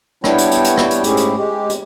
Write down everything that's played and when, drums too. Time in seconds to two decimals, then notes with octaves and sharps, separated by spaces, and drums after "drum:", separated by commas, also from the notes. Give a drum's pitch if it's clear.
0.24 G3 B3 D4 E4 C#5 G5, drum: rim click
0.38 drum: hi-hat
0.51 drum: hi-hat
0.64 drum: hi-hat
0.77 drum: rim click
0.91 drum: hi-hat
1.04 G#2 A3 C#4 E4 G4 G#4, drum: hi-hat
1.17 drum: hi-hat
1.37 G#3 G4
1.69 drum: hi-hat